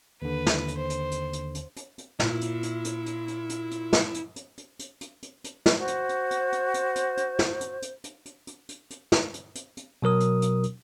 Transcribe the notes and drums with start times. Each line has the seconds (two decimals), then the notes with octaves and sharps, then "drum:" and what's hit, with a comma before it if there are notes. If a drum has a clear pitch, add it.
0.22 D#2 D3 B4
0.46 drum: snare
0.68 drum: hi-hat
0.78 C5
0.90 drum: hi-hat
1.11 drum: hi-hat
1.33 drum: hi-hat
1.55 drum: hi-hat
1.76 drum: hi-hat
1.98 drum: hi-hat
2.20 A#2 E4, drum: snare
2.41 drum: hi-hat
2.63 drum: hi-hat
2.84 drum: hi-hat
3.06 drum: hi-hat
3.28 drum: hi-hat
3.49 drum: hi-hat
3.71 drum: hi-hat
3.93 drum: snare
4.14 drum: hi-hat
4.36 drum: hi-hat
4.58 drum: hi-hat
4.79 drum: hi-hat
5.01 drum: hi-hat
5.22 drum: hi-hat
5.44 drum: hi-hat
5.66 drum: snare
5.78 F#4 C5
5.87 drum: hi-hat
6.09 drum: hi-hat
6.31 drum: hi-hat
6.52 drum: hi-hat
6.74 drum: hi-hat
6.96 drum: hi-hat
7.17 drum: hi-hat
7.39 drum: snare
7.60 drum: hi-hat
7.82 drum: hi-hat
8.04 drum: hi-hat
8.25 drum: hi-hat
8.47 drum: hi-hat
8.69 drum: hi-hat
8.90 drum: hi-hat
9.12 drum: snare
9.34 drum: hi-hat
9.55 drum: hi-hat
9.77 drum: hi-hat
10.02 B2 F#3 A#4 D#6
10.20 drum: hi-hat
10.42 drum: hi-hat
10.63 drum: hi-hat